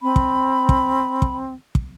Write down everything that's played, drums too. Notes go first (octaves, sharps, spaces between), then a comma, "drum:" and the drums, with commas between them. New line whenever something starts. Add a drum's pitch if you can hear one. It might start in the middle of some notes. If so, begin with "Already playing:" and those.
C4 B5
drum: kick
drum: kick
drum: kick
drum: kick